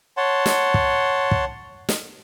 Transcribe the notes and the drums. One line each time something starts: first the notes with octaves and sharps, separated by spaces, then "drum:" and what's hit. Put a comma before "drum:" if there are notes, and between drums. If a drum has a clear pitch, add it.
C#5 F#5 A5 C6
drum: snare
drum: kick
drum: kick
drum: snare